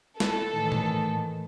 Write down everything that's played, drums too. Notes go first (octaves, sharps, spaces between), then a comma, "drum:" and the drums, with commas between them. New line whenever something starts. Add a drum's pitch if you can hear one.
A4, drum: snare
A2 D#3 E3
drum: tom A#2